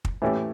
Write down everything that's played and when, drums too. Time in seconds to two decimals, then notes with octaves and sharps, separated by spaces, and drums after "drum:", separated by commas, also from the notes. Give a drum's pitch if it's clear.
0.05 drum: kick
0.22 A2 E3 A3 C#4 G4